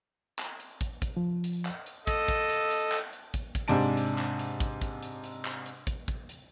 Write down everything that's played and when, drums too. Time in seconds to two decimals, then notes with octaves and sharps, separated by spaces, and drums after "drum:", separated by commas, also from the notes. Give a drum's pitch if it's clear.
0.39 drum: clap
0.60 drum: hi-hat
0.81 drum: kick, hi-hat
1.02 drum: kick, hi-hat
1.17 F3
1.44 drum: hi-hat
1.65 drum: clap
1.86 drum: hi-hat
2.07 A4 D#5, drum: kick, hi-hat
2.28 drum: kick, hi-hat
2.49 drum: hi-hat
2.71 drum: hi-hat
2.92 drum: clap
3.13 drum: hi-hat
3.34 drum: kick, hi-hat
3.55 drum: kick, hi-hat
3.68 G#2 C3 D4 A5 D7
3.97 drum: hi-hat
4.18 drum: clap
4.39 drum: hi-hat
4.60 drum: kick, hi-hat
4.81 drum: kick, hi-hat
5.03 drum: hi-hat
5.24 drum: hi-hat
5.45 drum: clap
5.66 drum: hi-hat
5.87 drum: kick, hi-hat
6.08 drum: kick, hi-hat
6.29 drum: hi-hat